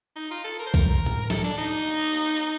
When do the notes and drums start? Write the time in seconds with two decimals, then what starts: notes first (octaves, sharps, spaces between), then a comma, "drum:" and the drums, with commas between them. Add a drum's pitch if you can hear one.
0.16 D#4
0.31 F4
0.44 A4
0.59 A#4
0.67 C5
0.74 A#4, drum: kick B1
1.06 drum: tom A2
1.30 A4, drum: snare
1.44 D4
1.58 D#4